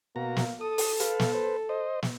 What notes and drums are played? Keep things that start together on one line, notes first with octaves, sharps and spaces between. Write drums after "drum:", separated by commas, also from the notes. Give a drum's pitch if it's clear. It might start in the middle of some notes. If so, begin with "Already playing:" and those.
B2 A#3 F#4 A#5
drum: snare
A4 D#6
drum: open hi-hat
B4 F5, drum: hi-hat
drum: snare
B4 C5
C5 D#5
drum: snare